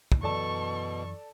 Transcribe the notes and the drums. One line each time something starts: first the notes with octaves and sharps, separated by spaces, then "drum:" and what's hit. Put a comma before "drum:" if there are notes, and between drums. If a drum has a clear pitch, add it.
drum: kick
F#2 B2 E3 A4 D5 A5 C#6